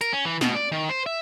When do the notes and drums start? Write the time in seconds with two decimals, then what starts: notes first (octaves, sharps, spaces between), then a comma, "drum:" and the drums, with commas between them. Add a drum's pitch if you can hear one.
0.01 A#4, drum: hi-hat
0.13 C#4
0.25 E3
0.41 B2, drum: snare
0.55 D5
0.72 D#3
0.89 C5
1.06 E5